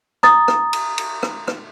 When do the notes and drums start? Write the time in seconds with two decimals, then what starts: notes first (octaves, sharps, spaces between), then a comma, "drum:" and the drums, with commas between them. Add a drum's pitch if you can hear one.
0.23 A#5 D#6 A6, drum: rim click
0.48 drum: rim click
0.73 drum: cymbal
0.98 drum: cymbal
1.23 drum: rim click
1.47 drum: rim click